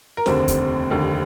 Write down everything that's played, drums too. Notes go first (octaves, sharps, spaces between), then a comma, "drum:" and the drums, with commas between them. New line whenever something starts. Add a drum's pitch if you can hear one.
A#4
F1 D#2 D3 C4 C5, drum: snare
drum: kick, hi-hat
F1 D#2 D3